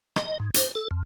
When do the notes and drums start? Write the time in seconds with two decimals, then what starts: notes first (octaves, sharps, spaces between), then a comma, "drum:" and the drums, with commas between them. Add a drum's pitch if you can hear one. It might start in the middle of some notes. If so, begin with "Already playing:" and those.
0.16 D#5, drum: rim click
0.40 G#2
0.54 C5, drum: hi-hat
0.75 A4
0.91 F2